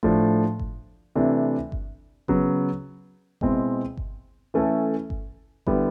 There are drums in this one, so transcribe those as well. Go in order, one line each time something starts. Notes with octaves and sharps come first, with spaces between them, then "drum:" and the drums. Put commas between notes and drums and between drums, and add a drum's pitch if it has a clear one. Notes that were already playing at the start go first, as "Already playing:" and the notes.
A2 F3 A3 D4, drum: kick G1
drum: kick G1
C3 E3 A3 D4
drum: kick G1
C#3 F#3 B3, drum: kick G1
B2 G#3 C4 E4, drum: kick G1
drum: kick G1
E3 A3 C#4 E4 A4
drum: kick G1
D3 G3 B3 E4, drum: kick G1